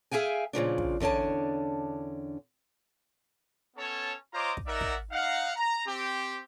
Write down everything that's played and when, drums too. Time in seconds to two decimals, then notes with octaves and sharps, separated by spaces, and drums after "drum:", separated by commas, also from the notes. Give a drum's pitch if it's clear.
0.11 G#4 E5 F5 G5 G#5
0.53 A#2 C#3 F3 D4
0.78 drum: kick
1.00 E2 D3 C#4 D4 A5, drum: kick
3.77 B3 C#4 A4 C#5 A5
4.33 F4 C5 C#5 D#5 A#5 D6
4.57 drum: kick
4.67 D#4 A#4 D5 E5 F#5
4.81 drum: kick
5.12 D#4 F5 F#5
5.56 A#5
5.87 C4 G4